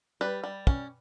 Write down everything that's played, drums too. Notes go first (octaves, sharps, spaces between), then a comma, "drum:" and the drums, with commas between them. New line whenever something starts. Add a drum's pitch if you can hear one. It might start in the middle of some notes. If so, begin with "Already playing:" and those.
G3 B4
G3
C#4, drum: kick